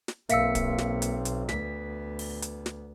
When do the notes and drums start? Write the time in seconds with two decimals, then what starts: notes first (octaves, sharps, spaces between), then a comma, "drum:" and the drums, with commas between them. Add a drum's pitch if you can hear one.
0.08 drum: snare
0.29 B1 A#3 C4 E5 F5 E6 B6 C#7, drum: hi-hat
0.55 drum: kick D1, hi-hat
0.78 drum: snare
1.02 drum: hi-hat
1.25 drum: hi-hat
1.49 D2 B3 B6, drum: snare
2.19 drum: open hi-hat
2.42 drum: hi-hat
2.66 drum: snare